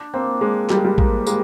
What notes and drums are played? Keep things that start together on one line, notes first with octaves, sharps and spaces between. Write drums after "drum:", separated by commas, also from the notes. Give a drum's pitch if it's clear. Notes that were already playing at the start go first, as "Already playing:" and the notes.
Already playing: D4
A#3 C4
G#3 D4
D#3 G3, drum: clap
G#3
G3
G#3 A#3, drum: kick
G#3 A#3, drum: tambourine